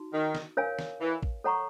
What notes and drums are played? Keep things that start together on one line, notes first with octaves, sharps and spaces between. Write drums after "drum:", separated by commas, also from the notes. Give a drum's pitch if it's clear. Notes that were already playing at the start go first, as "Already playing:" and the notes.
Already playing: D#4 F#4
D#3
drum: snare
A#4 C#5 F5 G#5
drum: snare
E3
drum: kick
A4 C#5 F#5 A#5 C#6